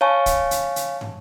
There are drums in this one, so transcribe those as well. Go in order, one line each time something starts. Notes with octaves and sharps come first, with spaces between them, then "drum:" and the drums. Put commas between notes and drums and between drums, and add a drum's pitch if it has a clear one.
C#5 F5 G#5 A5 C#6
drum: kick, hi-hat
drum: hi-hat
drum: hi-hat
drum: tom